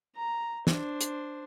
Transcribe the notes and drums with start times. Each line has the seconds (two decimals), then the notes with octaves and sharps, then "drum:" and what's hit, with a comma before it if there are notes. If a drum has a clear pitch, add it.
0.16 A#5
0.67 D4 C5, drum: snare
1.01 drum: hi-hat